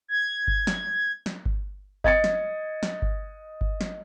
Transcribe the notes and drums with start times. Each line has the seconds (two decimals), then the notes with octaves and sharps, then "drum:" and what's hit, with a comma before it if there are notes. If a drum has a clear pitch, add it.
0.08 G#6
0.48 drum: kick G1
0.67 drum: snare
1.26 drum: snare
1.46 drum: kick G1
2.04 D#5 G#6 A6 C#7, drum: kick G1
2.24 drum: snare
2.83 drum: snare
3.02 drum: kick G1
3.61 drum: kick G1
3.81 drum: snare